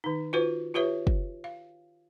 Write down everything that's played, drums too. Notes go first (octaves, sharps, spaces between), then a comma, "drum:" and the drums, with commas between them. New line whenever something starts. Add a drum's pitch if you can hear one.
D#3 D#4
F4 F#4 B4 C5
F4 G4 B4 C#5 E5
drum: kick
F5